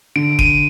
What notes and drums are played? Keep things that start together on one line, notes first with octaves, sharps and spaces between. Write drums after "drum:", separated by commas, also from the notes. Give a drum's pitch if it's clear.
D3 D7
D#7, drum: kick